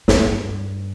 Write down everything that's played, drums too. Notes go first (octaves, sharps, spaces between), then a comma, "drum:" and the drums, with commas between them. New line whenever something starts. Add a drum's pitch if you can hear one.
G2, drum: snare